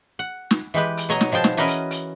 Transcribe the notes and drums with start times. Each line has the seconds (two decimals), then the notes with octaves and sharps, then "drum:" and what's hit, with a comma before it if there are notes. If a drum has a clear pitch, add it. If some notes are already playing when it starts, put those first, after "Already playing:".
0.19 F#5
0.51 drum: snare
0.74 E3 G#3 G4 B4
0.97 drum: hi-hat
1.09 B2 F#3 C#5 D#5 G#5 A#5
1.21 drum: snare
1.32 B2 F3 G#4 G5 A5
1.44 drum: snare
1.57 E3 C#4 F#4 A#4 B4 D#5
1.67 drum: hi-hat
1.91 drum: hi-hat